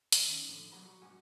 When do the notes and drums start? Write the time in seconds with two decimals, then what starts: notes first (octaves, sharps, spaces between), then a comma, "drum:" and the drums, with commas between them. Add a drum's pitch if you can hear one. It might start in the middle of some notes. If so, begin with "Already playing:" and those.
0.12 D#2, drum: hi-hat
0.27 D#3 C#4
0.47 A2 D3 F3
0.72 B2 F#3 G3 F#5 A#5 B5
0.86 F#4
1.02 B1 G#2 G3 F#4 F#5 G#5